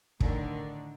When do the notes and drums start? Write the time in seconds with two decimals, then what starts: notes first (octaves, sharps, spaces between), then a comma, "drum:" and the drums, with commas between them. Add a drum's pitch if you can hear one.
0.20 A2 D3 D#3 D4, drum: kick